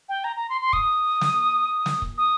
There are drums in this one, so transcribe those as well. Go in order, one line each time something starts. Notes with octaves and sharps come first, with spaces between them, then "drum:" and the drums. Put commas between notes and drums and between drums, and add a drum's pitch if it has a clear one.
G5
A#5
A#5
C6
C6
D#6, drum: kick
drum: snare
drum: snare
drum: kick
D#6